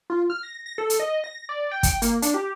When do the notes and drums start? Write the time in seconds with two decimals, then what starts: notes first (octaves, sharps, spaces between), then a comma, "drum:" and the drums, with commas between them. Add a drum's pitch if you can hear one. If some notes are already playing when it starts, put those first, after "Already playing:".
0.10 F4
0.30 F6
0.43 A#6
0.66 A#6
0.78 A4
0.90 drum: hi-hat
1.00 D#5
1.24 A#6
1.49 D5
1.71 G5
1.83 drum: kick, hi-hat
2.02 A#3, drum: hi-hat
2.22 D4, drum: hi-hat
2.34 G4